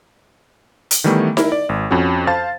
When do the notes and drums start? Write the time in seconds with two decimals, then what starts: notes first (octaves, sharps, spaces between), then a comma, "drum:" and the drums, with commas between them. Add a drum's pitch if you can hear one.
0.91 drum: hi-hat
1.04 D#3 E3 G3 A3 B3
1.37 E4 A#4, drum: snare D#4
1.52 D5
1.69 G#1
1.91 F2 C#4 F#4
2.27 C5 F5 A5 A6